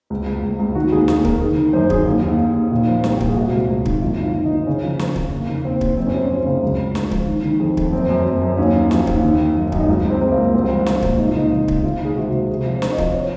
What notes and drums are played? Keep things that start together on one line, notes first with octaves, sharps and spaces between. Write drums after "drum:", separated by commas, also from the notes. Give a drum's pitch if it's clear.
C#2
C#2
C#2
C#2
D#3 F#4
D#2 G#4
D#2 G#4, drum: snare
D#3 A#4, drum: kick
D#3 G#4
D#3
F#2 C5
D#3 G#4, drum: kick
D#2
D#2
D#2
D#3
A#2
F3
C2, drum: snare
A#2, drum: kick
G#4
C3 F#4
C#2
C#2
D#3, drum: kick
F#2 F4
D#3
F4
D#3
D#4
D#3
C#3 C#4
F3
F2, drum: snare
F3, drum: kick
C#3 A#3
D#2
D#2 C4
D#2, drum: kick
F#2 C4
C#4
F#2 C4
F3 C#4
C4
C#3
C#2
C#2
C#2, drum: snare
F3, drum: kick
D#3
D#3
F2
F2, drum: kick
F#2 C4
F#2
F#2
F#2
D#2 C#4
D#2
F3, drum: snare
D#2, drum: kick
D#3
D#3
F#2
F#2, drum: kick
D#4
C#2 F4
C#2
C4
C#2
A#3
C#2
C2 C4
F3
F3, drum: snare
A#2, drum: kick
C#2 D#4
F4
C#3 D#4
F3
C#3, drum: kick
C#2 F4
D#3 G#4
C3 F#4
C3
C3 G#4
F3
C5
F3, drum: snare
D#5
F3, drum: kick
C#5